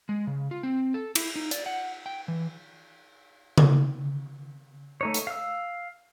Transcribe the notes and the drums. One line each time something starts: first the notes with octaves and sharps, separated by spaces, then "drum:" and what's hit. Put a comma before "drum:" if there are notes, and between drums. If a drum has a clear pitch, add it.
G#3
C#3
F4
C4
A4
E4, drum: cymbal
D#4
D5, drum: hi-hat
F#5
G5
E3
drum: tom C#3
A3 D#4 C#5
drum: hi-hat
F5 E6